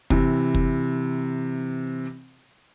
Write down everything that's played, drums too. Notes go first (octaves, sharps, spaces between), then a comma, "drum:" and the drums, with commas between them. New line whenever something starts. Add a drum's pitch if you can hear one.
C3 E3, drum: kick
drum: kick